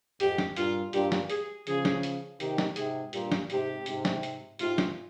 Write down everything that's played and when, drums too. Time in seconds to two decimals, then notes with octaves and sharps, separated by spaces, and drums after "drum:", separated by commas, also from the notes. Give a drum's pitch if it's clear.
0.20 F2 G#2 G4, drum: hi-hat
0.38 drum: snare
0.56 G2 A#2 F4, drum: hi-hat
0.93 G2 A#2 G4, drum: hi-hat
1.12 drum: snare
1.30 G#4, drum: hi-hat
1.67 C#3 F3 G#4, drum: hi-hat
1.85 drum: snare
2.03 drum: hi-hat
2.40 C3 D#3 G4, drum: hi-hat
2.58 drum: snare
2.76 G#2 C3 G#4, drum: hi-hat
3.13 G2 A#2 G4, drum: hi-hat
3.32 drum: snare
3.50 G#2 C3 G4, drum: hi-hat
3.86 G#2 C3, drum: hi-hat
4.05 drum: snare
4.23 drum: hi-hat
4.59 G#2 C3 F4, drum: hi-hat
4.78 drum: snare